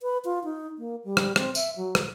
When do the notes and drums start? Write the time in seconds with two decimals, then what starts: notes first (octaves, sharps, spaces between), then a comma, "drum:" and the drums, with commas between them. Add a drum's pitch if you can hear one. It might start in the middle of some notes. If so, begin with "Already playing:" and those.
0.02 B4
0.25 F4
0.44 D#4
0.78 A#3
1.04 G3
1.17 drum: rim click
1.36 C4, drum: rim click
1.55 E5, drum: tambourine
1.76 F#3
1.95 drum: rim click